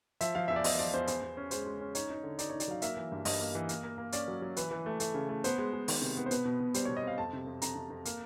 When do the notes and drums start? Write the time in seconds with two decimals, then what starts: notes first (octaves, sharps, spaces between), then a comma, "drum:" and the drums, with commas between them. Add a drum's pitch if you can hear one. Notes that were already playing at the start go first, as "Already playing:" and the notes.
0.21 F3 E5, drum: hi-hat
0.35 F3 F5
0.48 E2 E5
0.56 D5
0.64 E2 D#5, drum: open hi-hat
0.79 F3 D5
0.94 E2 C5
1.07 E2 C5, drum: hi-hat
1.22 E2
1.37 C#4
1.51 G#3 C5, drum: hi-hat
1.66 G#3
1.80 C#4
1.95 D#4 C#5, drum: hi-hat
2.10 D#4
2.24 D3
2.39 D#4 D5, drum: hi-hat
2.50 D#4 C#5
2.60 D5, drum: hi-hat
2.68 F#3 F5
2.82 A#3 E5, drum: hi-hat
2.97 E3
3.12 G2
3.25 G2 D#5, drum: open hi-hat
3.40 A#3
3.55 E3
3.69 A#3, drum: hi-hat
3.84 A#3
3.98 A#3
4.12 C#4 D5, drum: hi-hat
4.28 F#3
4.42 F#3
4.57 E3 B4, drum: hi-hat
4.71 E3
4.86 A3
5.00 A3, drum: hi-hat
5.14 C#3
5.29 A3
5.44 B3 C5, drum: hi-hat
5.58 G#3
5.73 G#3
5.88 D#3, drum: open hi-hat
6.02 C3
6.17 B3
6.26 C5
6.31 B2 B4, drum: hi-hat
6.45 B2
6.60 B2
6.74 G3 C5, drum: hi-hat
6.85 B2 C#5
6.97 D#5
7.03 C4 F5
7.18 F2 A5
7.33 C3
7.47 F2
7.62 F2 A#5, drum: hi-hat
7.76 C3
7.90 F2
8.05 A#3, drum: hi-hat